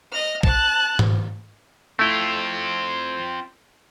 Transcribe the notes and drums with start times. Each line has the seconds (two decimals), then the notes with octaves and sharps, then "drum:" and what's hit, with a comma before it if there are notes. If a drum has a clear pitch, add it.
0.12 D#5 F6
0.43 A5 F#6, drum: kick
0.99 drum: tom G#2
1.99 A3 C4 E4 F4